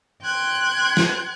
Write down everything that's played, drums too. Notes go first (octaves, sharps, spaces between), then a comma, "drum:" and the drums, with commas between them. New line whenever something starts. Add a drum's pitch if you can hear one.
G5 C6 F#6 G#6
drum: snare